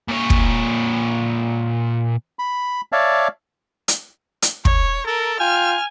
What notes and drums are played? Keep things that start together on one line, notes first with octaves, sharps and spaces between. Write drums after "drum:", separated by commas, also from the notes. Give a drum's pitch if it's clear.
A#2 C#5
drum: kick
B5
C#5 D5 E5 F5 A5
drum: hi-hat
drum: hi-hat
C#5, drum: kick
A4 A#4
F4 G5 G#5 F6